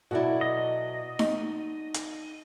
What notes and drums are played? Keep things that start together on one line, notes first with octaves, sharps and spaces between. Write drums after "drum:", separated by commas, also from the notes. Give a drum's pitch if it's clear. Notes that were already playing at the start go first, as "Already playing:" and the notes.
B2 F#3 E4 F#4 A4 D5
D#5
D#4, drum: snare D#4
drum: hi-hat